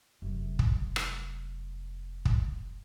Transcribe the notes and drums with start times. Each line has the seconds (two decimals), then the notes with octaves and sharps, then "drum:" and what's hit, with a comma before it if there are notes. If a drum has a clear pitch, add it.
0.22 F1 F#2
0.59 drum: kick
0.96 drum: rim click
2.25 drum: kick